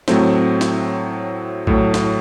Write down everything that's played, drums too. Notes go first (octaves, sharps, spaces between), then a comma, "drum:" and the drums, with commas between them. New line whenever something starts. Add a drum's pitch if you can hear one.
A2 F#3 A3 C4, drum: snare
drum: snare
A2 F#3 A3, drum: kick A#1
drum: snare